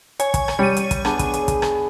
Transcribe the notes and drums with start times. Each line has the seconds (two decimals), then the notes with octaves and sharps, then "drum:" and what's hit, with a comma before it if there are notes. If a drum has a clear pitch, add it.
0.20 C#5 G#5, drum: hi-hat
0.34 drum: kick, hi-hat
0.48 drum: rim click
0.59 G3 C#5 D#7
0.77 drum: hi-hat
0.91 drum: kick, hi-hat
1.05 B3 D4 G#4, drum: rim click
1.19 drum: kick, hi-hat
1.34 drum: hi-hat
1.48 drum: kick, hi-hat
1.62 drum: rim click